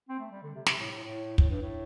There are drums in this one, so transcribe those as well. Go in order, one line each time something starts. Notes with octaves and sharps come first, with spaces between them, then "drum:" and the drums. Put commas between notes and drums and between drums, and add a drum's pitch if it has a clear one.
C4
A3
G3
D3
C3
C3, drum: snare
A2
A2
A2
A2, drum: kick
G2
A2